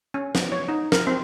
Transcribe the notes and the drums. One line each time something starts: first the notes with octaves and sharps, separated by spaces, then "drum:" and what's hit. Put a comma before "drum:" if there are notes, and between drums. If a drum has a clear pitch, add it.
C#4
B3, drum: snare
C#5
D#4
A#4, drum: snare
C4